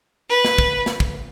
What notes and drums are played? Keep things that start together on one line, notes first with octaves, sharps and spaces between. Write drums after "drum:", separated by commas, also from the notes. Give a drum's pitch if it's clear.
B4
drum: snare
drum: kick
drum: snare
drum: kick